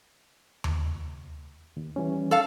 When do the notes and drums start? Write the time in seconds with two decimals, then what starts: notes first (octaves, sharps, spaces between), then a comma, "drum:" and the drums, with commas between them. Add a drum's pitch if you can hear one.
0.64 drum: tom D#2
1.77 D#2
1.96 E3 G3 C#4
2.31 A4 F5